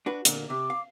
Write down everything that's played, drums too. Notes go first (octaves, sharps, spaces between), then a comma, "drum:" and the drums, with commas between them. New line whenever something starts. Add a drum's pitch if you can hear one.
D4 F#4 B4
A#2 D3 A#3, drum: hi-hat
C3 D6
F5